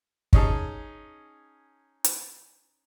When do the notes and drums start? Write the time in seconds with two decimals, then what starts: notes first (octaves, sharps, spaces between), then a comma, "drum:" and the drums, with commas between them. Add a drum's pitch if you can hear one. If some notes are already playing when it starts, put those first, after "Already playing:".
0.33 C#4 D#4 G#4 A5, drum: kick
2.04 drum: hi-hat